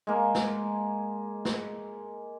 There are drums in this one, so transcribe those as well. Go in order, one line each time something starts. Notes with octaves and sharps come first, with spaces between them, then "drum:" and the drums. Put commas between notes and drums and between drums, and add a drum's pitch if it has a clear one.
G#3 A#3
drum: snare
drum: snare